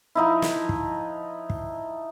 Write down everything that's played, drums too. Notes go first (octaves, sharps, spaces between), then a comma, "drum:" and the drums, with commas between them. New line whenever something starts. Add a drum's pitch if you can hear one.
F3 D#4 E4
drum: snare
drum: kick
drum: kick